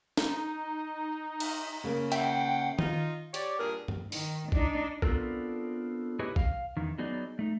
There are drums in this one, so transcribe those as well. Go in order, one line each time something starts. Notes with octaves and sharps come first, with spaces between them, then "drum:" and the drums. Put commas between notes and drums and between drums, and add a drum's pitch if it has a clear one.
D#4, drum: snare
drum: cymbal
C#3 A#3
E5 F#5 G5, drum: hi-hat
D#4 F4, drum: tom D#3
G4 C#5 D5, drum: hi-hat
G2 A#2 G#4 A#4
drum: tom G2
D#3, drum: open hi-hat
D4 D#4, drum: kick A1
B3 C4 D4 F4 A4 A#4, drum: kick A1
E4 G4 G#4 B4 C#5 D#5
F5, drum: kick A1
E2 D#3
F#3 B3 D#4 G#4 D5 D#5
A3 D#4